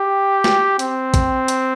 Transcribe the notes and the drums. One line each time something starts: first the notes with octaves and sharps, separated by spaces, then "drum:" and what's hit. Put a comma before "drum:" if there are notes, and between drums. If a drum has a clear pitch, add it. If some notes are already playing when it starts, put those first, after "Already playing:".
Already playing: G4
drum: snare
C4, drum: hi-hat
drum: kick, hi-hat
drum: hi-hat